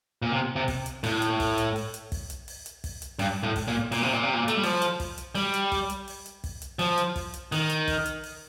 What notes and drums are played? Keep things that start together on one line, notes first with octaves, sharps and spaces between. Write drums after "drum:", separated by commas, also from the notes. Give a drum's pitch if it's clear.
A#2
C3
C3
drum: kick, open hi-hat
drum: hi-hat
A2, drum: open hi-hat
drum: hi-hat
drum: kick, open hi-hat
drum: hi-hat
drum: open hi-hat
drum: hi-hat
drum: kick, open hi-hat
drum: hi-hat
drum: open hi-hat
drum: hi-hat
drum: kick, open hi-hat
drum: hi-hat
G2, drum: open hi-hat
A2
drum: kick, open hi-hat
A#2
A#2, drum: open hi-hat
C3
A#2
C3
A#2
A3, drum: hi-hat
G3
F3, drum: open hi-hat
drum: hi-hat
drum: kick, open hi-hat
drum: hi-hat
G3, drum: open hi-hat
drum: hi-hat
drum: kick, open hi-hat
drum: hi-hat
drum: open hi-hat
drum: hi-hat
drum: kick, open hi-hat
drum: hi-hat
F3, drum: open hi-hat
drum: hi-hat
drum: kick, open hi-hat
drum: hi-hat
D#3, drum: open hi-hat
drum: hi-hat
drum: kick, open hi-hat
drum: hi-hat
drum: open hi-hat